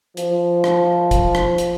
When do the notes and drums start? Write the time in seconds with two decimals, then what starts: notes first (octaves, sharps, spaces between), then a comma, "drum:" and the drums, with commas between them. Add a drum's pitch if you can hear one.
0.17 F3, drum: hi-hat
0.64 drum: rim click
1.11 drum: kick, hi-hat
1.35 drum: rim click
1.58 drum: hi-hat